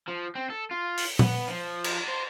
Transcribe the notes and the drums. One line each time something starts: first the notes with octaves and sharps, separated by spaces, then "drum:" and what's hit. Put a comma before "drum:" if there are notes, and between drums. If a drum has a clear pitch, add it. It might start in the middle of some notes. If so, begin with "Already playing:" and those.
F3
C4
A4
F4
drum: open hi-hat
B3, drum: tom
F3
drum: cymbal
C5